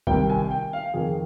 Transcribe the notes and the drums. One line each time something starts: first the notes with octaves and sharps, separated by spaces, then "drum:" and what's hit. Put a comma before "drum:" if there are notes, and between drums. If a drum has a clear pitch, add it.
C2 C3 D#3 G5, drum: kick
G#5
G5
F5
F2 D#3 G#4